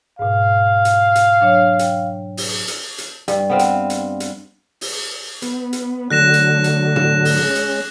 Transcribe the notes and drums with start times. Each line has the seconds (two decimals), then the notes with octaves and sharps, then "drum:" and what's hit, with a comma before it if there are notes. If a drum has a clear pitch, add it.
0.19 G#2 B2 F5
0.85 drum: hi-hat
1.15 drum: hi-hat
1.41 F#3 D4 C#5
1.79 G5, drum: hi-hat
2.37 drum: open hi-hat
2.68 drum: hi-hat
2.98 drum: hi-hat
3.28 G2, drum: hi-hat
3.50 B3 C4 F5
3.59 drum: hi-hat
3.90 drum: hi-hat
4.20 drum: hi-hat
4.81 drum: open hi-hat
5.42 B3, drum: hi-hat
5.73 drum: hi-hat
6.10 D3 F#3 A3 F#6 A#6 E7
6.34 drum: hi-hat
6.64 drum: hi-hat
6.96 E7, drum: tom
7.25 drum: open hi-hat
7.43 G#3 C#4
7.55 drum: hi-hat